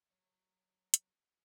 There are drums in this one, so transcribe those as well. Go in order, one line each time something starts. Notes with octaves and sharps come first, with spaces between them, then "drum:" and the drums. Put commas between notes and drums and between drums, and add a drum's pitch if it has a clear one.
F#3 C#5
drum: hi-hat